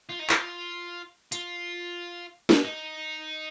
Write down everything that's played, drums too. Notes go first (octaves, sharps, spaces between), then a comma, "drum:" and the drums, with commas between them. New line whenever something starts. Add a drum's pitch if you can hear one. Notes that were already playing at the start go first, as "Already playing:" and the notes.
F4
D#4
F4, drum: clap
F4, drum: hi-hat
drum: snare
D#4